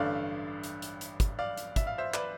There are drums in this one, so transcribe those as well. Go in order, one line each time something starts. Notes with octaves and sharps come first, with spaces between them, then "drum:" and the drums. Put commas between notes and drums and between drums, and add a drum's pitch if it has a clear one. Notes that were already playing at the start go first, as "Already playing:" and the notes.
Already playing: A1 G2 D3 A3 D5 F5
drum: hi-hat
drum: hi-hat
drum: hi-hat
drum: kick, hi-hat
D5 F5
drum: hi-hat
E5, drum: kick, hi-hat
F5
C5 E5
B4 D5, drum: clap